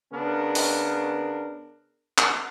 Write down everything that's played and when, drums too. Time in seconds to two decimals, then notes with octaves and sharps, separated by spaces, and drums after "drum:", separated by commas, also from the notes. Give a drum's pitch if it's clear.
0.13 C#3 B3 D4 A#4
0.55 drum: open hi-hat
2.18 drum: clap